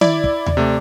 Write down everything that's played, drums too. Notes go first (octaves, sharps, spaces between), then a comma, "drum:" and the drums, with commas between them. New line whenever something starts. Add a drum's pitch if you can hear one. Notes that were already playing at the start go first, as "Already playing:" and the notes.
E4 D5, drum: tom D#3
drum: kick
drum: tom D#2
C3 A3